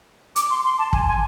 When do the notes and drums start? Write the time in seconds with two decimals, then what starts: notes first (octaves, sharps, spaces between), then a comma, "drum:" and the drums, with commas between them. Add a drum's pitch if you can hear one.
0.36 D6, drum: hi-hat
0.50 C6
0.65 C6
0.78 A5
0.93 G#5, drum: kick
1.07 G#5